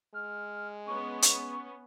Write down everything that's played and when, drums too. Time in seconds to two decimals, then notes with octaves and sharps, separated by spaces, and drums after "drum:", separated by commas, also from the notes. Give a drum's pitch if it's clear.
0.14 G#3 F6
0.87 B3 C#4 C#6
1.22 drum: hi-hat